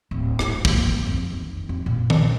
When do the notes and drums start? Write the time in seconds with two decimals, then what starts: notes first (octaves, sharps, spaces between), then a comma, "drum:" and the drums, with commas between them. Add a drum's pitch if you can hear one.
0.11 D1
0.39 G#2, drum: rim click
0.65 A#3, drum: kick
0.85 E3
1.07 F2
1.33 D#3
1.69 F2
1.86 A#2
2.10 C#4, drum: tom D#3